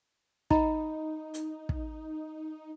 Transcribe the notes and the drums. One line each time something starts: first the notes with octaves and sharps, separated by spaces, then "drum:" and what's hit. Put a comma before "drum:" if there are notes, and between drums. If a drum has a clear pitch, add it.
D#4 D#5 A#5 B5, drum: kick
drum: hi-hat
drum: kick